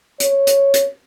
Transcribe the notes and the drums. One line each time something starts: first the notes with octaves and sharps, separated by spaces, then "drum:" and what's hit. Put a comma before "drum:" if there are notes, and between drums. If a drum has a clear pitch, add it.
C#5, drum: hi-hat
drum: hi-hat
drum: hi-hat